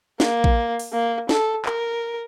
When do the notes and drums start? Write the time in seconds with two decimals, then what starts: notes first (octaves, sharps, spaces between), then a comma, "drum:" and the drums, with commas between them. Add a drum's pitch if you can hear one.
0.20 A#3, drum: snare
0.44 drum: kick A#1
0.79 drum: open hi-hat
0.93 A#3
1.29 A4, drum: snare
1.65 A#4, drum: clap